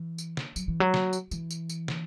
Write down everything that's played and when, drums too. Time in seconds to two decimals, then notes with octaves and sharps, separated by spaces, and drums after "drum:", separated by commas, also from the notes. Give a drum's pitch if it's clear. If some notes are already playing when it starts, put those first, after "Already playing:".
Already playing: E3
0.18 drum: tambourine
0.37 drum: snare
0.56 F#3, drum: tambourine
0.68 E3
0.80 F#3
0.94 drum: snare
1.13 drum: tambourine
1.31 E3, drum: tambourine
1.51 drum: tambourine
1.69 drum: tambourine
1.88 drum: snare